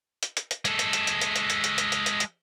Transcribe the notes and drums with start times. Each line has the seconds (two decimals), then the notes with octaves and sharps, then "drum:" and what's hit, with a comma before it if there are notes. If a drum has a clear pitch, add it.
0.23 drum: hi-hat
0.37 drum: hi-hat
0.51 drum: hi-hat
0.65 G#3 A4, drum: hi-hat
0.79 drum: hi-hat
0.93 drum: hi-hat
1.07 drum: hi-hat
1.21 drum: hi-hat
1.36 drum: hi-hat
1.50 drum: hi-hat
1.64 drum: hi-hat
1.78 drum: hi-hat
1.92 drum: hi-hat
2.06 drum: hi-hat
2.20 drum: hi-hat